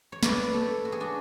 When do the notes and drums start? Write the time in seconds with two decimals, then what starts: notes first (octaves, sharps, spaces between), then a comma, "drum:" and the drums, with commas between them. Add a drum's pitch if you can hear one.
0.12 C#5
0.23 B4 D5, drum: snare
0.44 B4
0.53 A4 C#5
0.85 F#4
0.92 G#4
1.00 D4 F#4